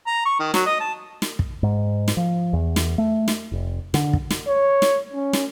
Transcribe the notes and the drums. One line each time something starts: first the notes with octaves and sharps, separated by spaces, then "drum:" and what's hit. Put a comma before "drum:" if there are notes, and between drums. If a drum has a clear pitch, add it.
A#5
C#6
D#3
F#3, drum: snare
D#5
A5
drum: snare
drum: kick
G#2
drum: snare
F3
E2
drum: snare
A3
drum: snare
F1
D3, drum: snare
drum: kick
drum: snare
C#5
drum: snare
C#4
drum: snare